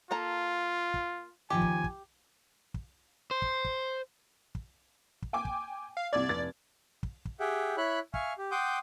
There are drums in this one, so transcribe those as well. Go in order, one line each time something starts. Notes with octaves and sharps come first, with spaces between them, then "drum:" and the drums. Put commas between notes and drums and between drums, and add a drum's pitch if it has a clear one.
A#3 F4 A4 A#5
drum: kick
D#2 D#3 F3 G4 G#5
drum: kick
drum: kick
drum: kick
C5
drum: kick
drum: kick
drum: kick
drum: kick
G5 G#5 D6
drum: kick
F5
C2 D5 D6 G#6
F1 A6
drum: kick
drum: kick
G4 G#4 E5 F#5 G5
E4 C#5 E5 B5 F#6
E5 F5 G#5 C#6 F6, drum: kick
G4
F#5 G5 C6 D6 D#6 G6